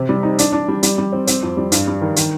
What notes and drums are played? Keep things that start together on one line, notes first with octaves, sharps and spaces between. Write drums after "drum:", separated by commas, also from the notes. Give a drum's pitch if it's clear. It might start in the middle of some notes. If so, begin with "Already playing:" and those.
Already playing: C3
G3
D#4
D4, drum: hi-hat
D4
G3
G3, drum: hi-hat
G3
C4
C4, drum: hi-hat
F2
G3
G2, drum: hi-hat
G3
D#3
D#3, drum: hi-hat